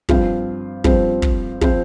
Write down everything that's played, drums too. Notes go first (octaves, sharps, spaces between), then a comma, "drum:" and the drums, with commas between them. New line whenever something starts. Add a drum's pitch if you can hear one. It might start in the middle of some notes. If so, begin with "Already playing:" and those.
G2 F3 C4 F4 C5, drum: kick
G2 F3 C4 F4 C5, drum: kick
drum: kick
F3 C4 F4 C5, drum: kick